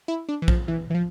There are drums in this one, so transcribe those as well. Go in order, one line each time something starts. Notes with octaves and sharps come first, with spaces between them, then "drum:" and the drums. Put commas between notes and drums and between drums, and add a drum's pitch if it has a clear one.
E4
D4
E3
F3, drum: kick A#1
E3
E3
F3